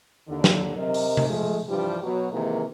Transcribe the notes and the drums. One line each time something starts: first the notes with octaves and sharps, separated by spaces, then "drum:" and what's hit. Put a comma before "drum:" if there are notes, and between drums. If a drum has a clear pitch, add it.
D#2 D3
drum: snare
C3 A#4 D#5
drum: open hi-hat
drum: tom C3
F3 G#3 A3
G2 E3 F3 G3 D4 G4
B2 F#3
C3 D#3 E3 G#3 A#3